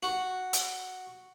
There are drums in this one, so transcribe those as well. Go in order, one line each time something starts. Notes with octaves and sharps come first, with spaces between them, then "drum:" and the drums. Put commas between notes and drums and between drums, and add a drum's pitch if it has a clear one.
F#4
drum: hi-hat